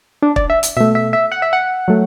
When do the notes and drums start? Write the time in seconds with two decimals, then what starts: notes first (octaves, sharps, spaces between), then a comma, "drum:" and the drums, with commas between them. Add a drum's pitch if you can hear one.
0.22 D4
0.36 D5, drum: kick
0.50 E5
0.63 drum: hi-hat
0.77 B2 A3 E5
0.95 E5
1.13 E5
1.32 F#5
1.42 E5
1.53 F#5
1.88 F#3 A3